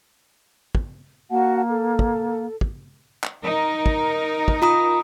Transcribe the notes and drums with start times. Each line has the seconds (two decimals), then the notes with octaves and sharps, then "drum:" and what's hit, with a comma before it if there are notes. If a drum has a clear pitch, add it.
0.75 drum: kick
1.30 A#3 F#4 F#5 A5
1.68 A4
1.99 drum: kick
2.61 drum: kick
3.23 drum: clap
3.43 D#4 A#4
3.86 drum: kick
4.48 drum: kick
4.62 F4 A#5 D#6